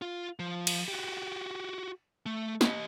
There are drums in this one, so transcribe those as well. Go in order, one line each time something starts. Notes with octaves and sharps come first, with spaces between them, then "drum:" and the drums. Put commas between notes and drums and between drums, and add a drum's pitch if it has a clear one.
F4
F3
drum: cymbal
F#4 G4
A3
G4 D#5, drum: snare